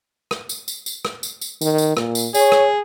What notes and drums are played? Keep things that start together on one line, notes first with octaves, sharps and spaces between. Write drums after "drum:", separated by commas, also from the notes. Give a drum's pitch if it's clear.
drum: rim click
drum: tambourine
drum: tambourine
drum: tambourine
drum: rim click
drum: tambourine
drum: tambourine
D#3, drum: tambourine
drum: tambourine
A#2, drum: rim click
drum: tambourine
G#4 C#5, drum: tambourine
drum: rim click